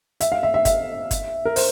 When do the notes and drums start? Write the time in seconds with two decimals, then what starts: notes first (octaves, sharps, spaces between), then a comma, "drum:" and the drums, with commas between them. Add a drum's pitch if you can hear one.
0.20 E5, drum: hi-hat
0.32 F5
0.43 E5
0.54 E5
0.65 E5, drum: kick G1, hi-hat
1.11 drum: kick G1, hi-hat
1.45 A#4
1.56 C5, drum: open hi-hat